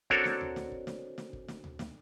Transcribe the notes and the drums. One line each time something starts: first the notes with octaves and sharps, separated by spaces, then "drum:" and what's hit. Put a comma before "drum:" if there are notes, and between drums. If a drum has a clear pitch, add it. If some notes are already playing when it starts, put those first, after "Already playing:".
C4 D4 F#4 A4 A#4 C#5, drum: kick
drum: snare
drum: tom D2
drum: snare
drum: kick
drum: snare
drum: snare
drum: kick
drum: snare
drum: tom D2
drum: snare